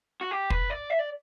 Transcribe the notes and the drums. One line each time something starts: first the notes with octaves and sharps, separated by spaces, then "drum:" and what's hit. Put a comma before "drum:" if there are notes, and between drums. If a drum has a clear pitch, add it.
F#4
G4
B4, drum: kick
D5
E5
D5